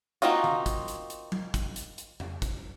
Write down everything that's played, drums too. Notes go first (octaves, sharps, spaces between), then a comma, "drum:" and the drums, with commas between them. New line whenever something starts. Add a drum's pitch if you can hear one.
A#3 C4 D#4 F4 F#4, drum: hi-hat
drum: tom D3
drum: kick, hi-hat
drum: hi-hat
drum: hi-hat
drum: tom F#3
drum: kick, hi-hat
drum: hi-hat
drum: hi-hat
drum: tom F2
drum: kick, hi-hat